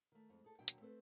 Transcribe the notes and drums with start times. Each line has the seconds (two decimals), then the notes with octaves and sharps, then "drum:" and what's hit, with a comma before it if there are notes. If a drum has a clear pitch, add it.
0.12 D#3 A3
0.30 F2 G#3
0.44 G#4 A4
0.59 D#2 B2 F#3 D4 F#4 G5
0.68 drum: hi-hat
0.81 A3 C4 A4 B4